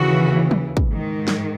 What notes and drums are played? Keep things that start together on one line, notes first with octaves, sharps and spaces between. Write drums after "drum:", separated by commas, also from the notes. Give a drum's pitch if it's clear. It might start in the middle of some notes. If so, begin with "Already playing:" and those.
Already playing: D#2 C#3 E3 F#4
drum: tom
drum: kick
G#2 D#3
drum: snare